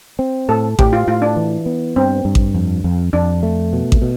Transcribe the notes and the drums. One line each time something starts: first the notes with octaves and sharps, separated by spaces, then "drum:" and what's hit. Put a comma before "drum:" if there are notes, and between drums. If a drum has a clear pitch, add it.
C4
A2 A4
A2 G4, drum: kick A1
F4
A2 F4
D4
E3
B3
G2 C4
G2
drum: kick A1
F2
F2
F2 D4
A3
B2
drum: kick A1
B2